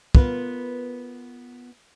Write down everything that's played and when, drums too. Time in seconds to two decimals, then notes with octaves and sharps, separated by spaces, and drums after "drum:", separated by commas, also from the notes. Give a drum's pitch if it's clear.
0.15 B3 F4 A#4 B4, drum: kick